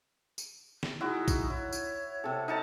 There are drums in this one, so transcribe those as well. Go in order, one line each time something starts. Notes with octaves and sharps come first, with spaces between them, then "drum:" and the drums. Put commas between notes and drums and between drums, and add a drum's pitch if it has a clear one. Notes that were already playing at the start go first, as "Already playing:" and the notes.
drum: tambourine
drum: snare
D#4 E4 F#4 G#4
drum: kick A#1, tambourine
E4 C#5
drum: tambourine
C3 A4
D#4 A4 A5